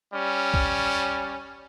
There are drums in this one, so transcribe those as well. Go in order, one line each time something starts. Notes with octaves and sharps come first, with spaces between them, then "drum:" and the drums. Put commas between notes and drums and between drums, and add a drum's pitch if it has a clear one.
G3 C#4
drum: kick